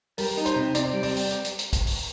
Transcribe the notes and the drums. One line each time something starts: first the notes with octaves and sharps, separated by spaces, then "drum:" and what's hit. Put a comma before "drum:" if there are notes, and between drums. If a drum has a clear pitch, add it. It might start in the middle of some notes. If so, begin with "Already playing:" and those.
G3 A#4, drum: open hi-hat
D#4
C5, drum: hi-hat
C3
C4 D5, drum: hi-hat
G3
D5, drum: open hi-hat
drum: open hi-hat
drum: hi-hat
drum: hi-hat
drum: hi-hat
drum: kick, hi-hat
drum: open hi-hat